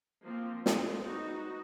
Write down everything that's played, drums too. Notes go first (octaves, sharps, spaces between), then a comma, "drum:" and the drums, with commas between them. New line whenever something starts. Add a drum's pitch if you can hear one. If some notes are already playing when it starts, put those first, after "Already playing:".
F3 A#3 C4 F4
G#3 C4 A4, drum: snare
B3 D#4 F#4